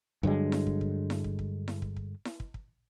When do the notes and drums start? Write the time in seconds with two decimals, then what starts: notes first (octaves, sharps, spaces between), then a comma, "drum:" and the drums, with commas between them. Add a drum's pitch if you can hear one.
0.23 G2 D3 F#3 G#3, drum: kick
0.52 drum: snare E4
0.67 drum: kick
0.81 drum: kick
1.10 drum: snare E4
1.24 drum: kick
1.39 drum: kick
1.68 drum: snare E4
1.82 drum: kick
1.96 drum: kick
2.25 drum: snare E4
2.40 drum: kick
2.54 drum: kick